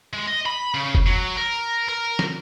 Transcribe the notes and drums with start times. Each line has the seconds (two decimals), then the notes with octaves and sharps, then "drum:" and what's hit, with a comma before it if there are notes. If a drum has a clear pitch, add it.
0.13 G#3
0.27 D#5
0.46 B5
0.74 C#3
0.95 drum: kick
1.07 F#3
1.37 A#4
1.88 A#4
2.19 drum: snare